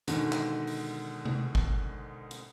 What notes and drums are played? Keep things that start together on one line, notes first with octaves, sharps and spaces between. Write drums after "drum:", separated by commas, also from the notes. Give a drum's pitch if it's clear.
G#2 B2 D3 D#3, drum: hi-hat
drum: clap
drum: open hi-hat
drum: tom C3
drum: kick
drum: hi-hat